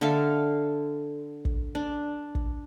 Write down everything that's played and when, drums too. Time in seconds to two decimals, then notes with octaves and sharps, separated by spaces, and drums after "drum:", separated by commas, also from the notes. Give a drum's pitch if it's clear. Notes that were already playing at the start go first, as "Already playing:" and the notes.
0.01 D3 A4 E5 F5
1.45 drum: kick
1.75 D4
2.35 drum: kick